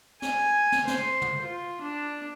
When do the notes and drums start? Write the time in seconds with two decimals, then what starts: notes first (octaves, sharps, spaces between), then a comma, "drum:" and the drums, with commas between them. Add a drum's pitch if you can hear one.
0.22 G#5, drum: snare
0.72 drum: snare
0.87 C5, drum: snare
1.22 drum: tom
1.42 F4
1.81 D4